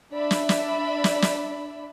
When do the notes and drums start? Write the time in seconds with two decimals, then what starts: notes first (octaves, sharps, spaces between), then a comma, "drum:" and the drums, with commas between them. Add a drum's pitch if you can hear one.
0.12 D4 D5 E5 B5
0.31 drum: snare
0.49 drum: snare
1.04 drum: snare
1.22 drum: snare